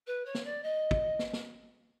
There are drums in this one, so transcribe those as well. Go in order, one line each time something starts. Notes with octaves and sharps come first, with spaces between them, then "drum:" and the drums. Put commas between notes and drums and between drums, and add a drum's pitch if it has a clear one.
B4
C#5
drum: snare
D5
D#5
drum: kick
drum: snare
drum: snare